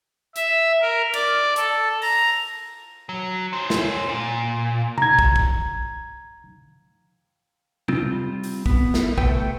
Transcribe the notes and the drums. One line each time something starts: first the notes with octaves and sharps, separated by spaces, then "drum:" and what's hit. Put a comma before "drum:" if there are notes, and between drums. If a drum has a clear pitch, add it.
E5, drum: hi-hat
A#4
D5, drum: cymbal
A4, drum: hi-hat
A#5, drum: open hi-hat
F#3
C#4 C5
drum: snare
A#2
A#5 G#6, drum: tom C3
drum: kick
drum: kick
G3 C4 F4, drum: tom C3
drum: open hi-hat
B3, drum: kick
drum: snare
C3 A3 A4 B4 G5, drum: kick